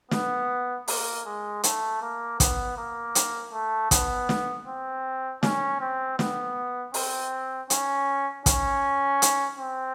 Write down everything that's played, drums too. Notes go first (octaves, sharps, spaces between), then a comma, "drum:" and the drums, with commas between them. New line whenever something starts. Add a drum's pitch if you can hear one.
B3, drum: snare
A#3, drum: open hi-hat
G#3
A3, drum: hi-hat
A#3
B3, drum: kick, hi-hat
A#3
drum: hi-hat
A3
B3, drum: kick, hi-hat
drum: snare
C4
C#4, drum: snare
C4
B3, drum: snare
C4, drum: open hi-hat
C#4, drum: hi-hat
C#4, drum: kick, hi-hat
drum: hi-hat
C4